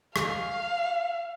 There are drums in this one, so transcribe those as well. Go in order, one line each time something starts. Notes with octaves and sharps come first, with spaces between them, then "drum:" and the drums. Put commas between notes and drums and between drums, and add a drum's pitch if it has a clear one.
F5, drum: rim click